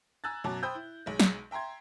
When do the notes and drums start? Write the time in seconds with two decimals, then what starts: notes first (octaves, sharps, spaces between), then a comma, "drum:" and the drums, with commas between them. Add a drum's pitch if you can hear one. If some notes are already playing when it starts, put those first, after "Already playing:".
0.24 G#5 A#5 E6 F#6 G#6 A6
0.44 F#2 B2 F#3 A5 D6
0.63 C5 G5 B5 D#6 E6 G6
0.75 E4
1.06 B1 G#3
1.20 drum: snare
1.51 E5 G5 A#5 C6 G#6